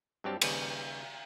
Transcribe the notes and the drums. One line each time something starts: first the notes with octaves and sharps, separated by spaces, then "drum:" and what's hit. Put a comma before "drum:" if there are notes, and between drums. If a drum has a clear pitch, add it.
G2 F#3 G3 C4 G4 A5
D#2 C#3 G3 B4 G#5, drum: cymbal